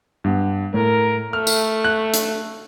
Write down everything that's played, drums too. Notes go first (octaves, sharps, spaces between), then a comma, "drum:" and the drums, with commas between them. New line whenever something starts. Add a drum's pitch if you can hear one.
G2 B3
A2 A#4
A3 F6
drum: tambourine
F#6
drum: hi-hat